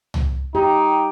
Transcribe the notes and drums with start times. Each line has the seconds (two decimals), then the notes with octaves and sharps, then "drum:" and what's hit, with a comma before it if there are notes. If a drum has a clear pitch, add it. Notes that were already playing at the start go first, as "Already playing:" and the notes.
0.14 drum: tom
0.55 D#4 G4